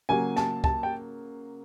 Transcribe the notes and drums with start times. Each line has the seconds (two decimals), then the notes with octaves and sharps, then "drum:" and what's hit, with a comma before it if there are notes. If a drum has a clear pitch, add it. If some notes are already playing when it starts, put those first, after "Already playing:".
0.09 C#3 F#3 A#3 G#5
0.36 A5, drum: snare
0.64 A5, drum: kick
0.83 G5